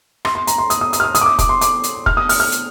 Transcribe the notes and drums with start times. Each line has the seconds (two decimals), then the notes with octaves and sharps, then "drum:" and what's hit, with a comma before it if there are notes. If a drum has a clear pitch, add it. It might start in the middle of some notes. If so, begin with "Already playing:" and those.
0.25 C6, drum: rim click
0.35 C6
0.47 A#5, drum: hi-hat
0.58 C6
0.70 D#6, drum: hi-hat
0.81 D#6
0.93 D#6, drum: hi-hat
1.00 F6
1.04 D#6
1.15 D#6, drum: hi-hat
1.21 D6
1.26 D#6
1.39 D6, drum: kick F1, hi-hat
1.49 C6
1.61 D6, drum: hi-hat
1.84 drum: hi-hat
2.06 F6, drum: kick F1
2.17 D#6
2.29 F6, drum: open hi-hat
2.40 F6
2.52 drum: hi-hat